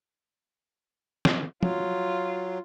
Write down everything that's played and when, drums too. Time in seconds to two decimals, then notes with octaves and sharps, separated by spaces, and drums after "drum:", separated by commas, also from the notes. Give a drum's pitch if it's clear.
1.25 drum: snare
1.63 F#3 F4, drum: tom